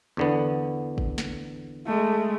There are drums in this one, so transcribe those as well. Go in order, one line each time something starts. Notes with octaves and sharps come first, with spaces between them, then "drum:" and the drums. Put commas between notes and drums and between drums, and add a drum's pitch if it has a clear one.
E2 D3 B3
drum: kick
drum: snare
G#3 A3